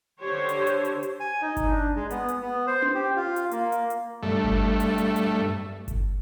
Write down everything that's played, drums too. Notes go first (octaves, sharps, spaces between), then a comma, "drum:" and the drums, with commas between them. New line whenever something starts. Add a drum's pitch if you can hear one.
D3 G4 C5 C#5
drum: hi-hat
drum: hi-hat
drum: hi-hat
drum: hi-hat
G#5
D#4
drum: kick G1, hi-hat
D4
G#3
B3, drum: hi-hat
drum: hi-hat
B3
C5
drum: tom C#4
G4
F4
drum: hi-hat
A#3, drum: hi-hat
drum: hi-hat
drum: hi-hat
G2 A3
drum: kick G1
drum: hi-hat
drum: hi-hat
drum: hi-hat
drum: kick G1, hi-hat